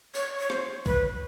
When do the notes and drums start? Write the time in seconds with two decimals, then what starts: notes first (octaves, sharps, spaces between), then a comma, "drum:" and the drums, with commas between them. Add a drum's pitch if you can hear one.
0.15 C#5, drum: tambourine
0.40 C#5
0.50 C5, drum: rim click
0.86 B4, drum: kick C#2